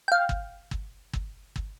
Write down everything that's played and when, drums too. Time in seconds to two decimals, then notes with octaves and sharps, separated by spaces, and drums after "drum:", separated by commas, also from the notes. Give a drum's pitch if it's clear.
0.08 F5 G5
0.29 drum: kick
0.71 drum: kick
1.13 drum: kick
1.56 drum: kick